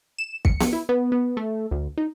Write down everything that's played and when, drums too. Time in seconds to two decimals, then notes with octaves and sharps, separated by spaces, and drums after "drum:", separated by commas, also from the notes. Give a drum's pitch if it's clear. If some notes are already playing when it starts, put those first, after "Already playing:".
0.18 E7
0.45 C#7, drum: kick
0.60 drum: snare B3
0.73 E4
0.89 B3
1.12 B3
1.37 A3
1.71 D2
1.98 D#4